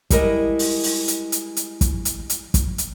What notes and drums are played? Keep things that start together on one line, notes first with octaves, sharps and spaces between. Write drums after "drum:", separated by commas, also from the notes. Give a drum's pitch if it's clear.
G3 G#3 E4 A#4 D#5, drum: kick, hi-hat
drum: open hi-hat
drum: open hi-hat
drum: hi-hat
drum: hi-hat
drum: hi-hat
drum: kick, hi-hat
drum: hi-hat
drum: hi-hat
drum: kick, hi-hat
drum: hi-hat